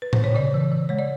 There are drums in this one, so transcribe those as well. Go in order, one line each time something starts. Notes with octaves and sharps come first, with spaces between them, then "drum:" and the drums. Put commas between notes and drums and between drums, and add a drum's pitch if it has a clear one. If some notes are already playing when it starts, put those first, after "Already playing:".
B4
C5, drum: tom A2
C#5
C#3 D5
E3
E3
G#3 C#5
D5